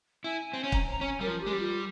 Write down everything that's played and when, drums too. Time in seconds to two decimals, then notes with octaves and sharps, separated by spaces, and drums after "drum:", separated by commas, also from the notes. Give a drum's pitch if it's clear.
0.24 E4 G#5
0.53 C4
0.64 C#4
0.72 A#5, drum: kick
0.82 G#5
0.90 A#5
1.01 C#4 G#5
1.21 G3 A#4
1.27 F3
1.40 G4
1.47 G#3
1.53 G3
1.59 F4